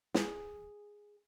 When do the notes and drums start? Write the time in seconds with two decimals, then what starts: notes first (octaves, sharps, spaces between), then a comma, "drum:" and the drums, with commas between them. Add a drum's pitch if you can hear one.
0.14 G#4, drum: snare